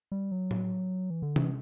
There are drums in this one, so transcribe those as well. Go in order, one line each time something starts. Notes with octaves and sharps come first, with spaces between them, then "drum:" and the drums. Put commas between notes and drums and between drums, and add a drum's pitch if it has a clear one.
G3
F#3
drum: tom A2
E3
D3
E3, drum: tom C3